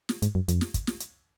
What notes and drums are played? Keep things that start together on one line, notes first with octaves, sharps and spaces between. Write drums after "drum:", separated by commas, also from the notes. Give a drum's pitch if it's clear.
drum: snare
G#2, drum: hi-hat
F#2
F2, drum: hi-hat
drum: snare
drum: kick, hi-hat
drum: snare
drum: hi-hat